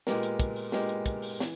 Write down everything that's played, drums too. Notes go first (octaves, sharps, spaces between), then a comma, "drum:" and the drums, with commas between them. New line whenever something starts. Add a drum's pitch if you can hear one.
A#2 G#3 B3 G4 A#4, drum: snare
drum: hi-hat
drum: kick, hi-hat
drum: open hi-hat
A#2 G#3 B3 G4 A#4, drum: snare
drum: hi-hat
drum: kick, hi-hat
drum: open hi-hat
E3, drum: snare